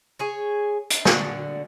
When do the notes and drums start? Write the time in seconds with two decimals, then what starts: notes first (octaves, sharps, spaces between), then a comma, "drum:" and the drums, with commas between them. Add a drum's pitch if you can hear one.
0.19 G#4 C#5
0.90 drum: hi-hat
1.05 D3 F#4, drum: snare